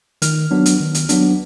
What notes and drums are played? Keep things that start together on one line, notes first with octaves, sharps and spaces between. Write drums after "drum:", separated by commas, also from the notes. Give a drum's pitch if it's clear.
D#3 F6, drum: hi-hat
F#3 B3 D4
drum: hi-hat
D#3
drum: hi-hat
F#3 B3 D4, drum: hi-hat